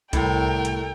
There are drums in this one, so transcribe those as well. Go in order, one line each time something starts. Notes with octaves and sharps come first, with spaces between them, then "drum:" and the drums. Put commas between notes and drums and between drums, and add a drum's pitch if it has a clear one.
C2 A2 A4 A#4 G5, drum: kick C2, hi-hat
drum: hi-hat